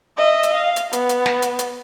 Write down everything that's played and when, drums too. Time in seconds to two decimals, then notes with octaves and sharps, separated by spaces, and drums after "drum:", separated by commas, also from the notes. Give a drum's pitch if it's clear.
0.18 D#5 E5
0.43 drum: hi-hat
0.54 F5
0.76 drum: hi-hat
0.93 B3, drum: hi-hat
1.09 drum: hi-hat
1.26 drum: snare
1.42 drum: hi-hat
1.59 drum: hi-hat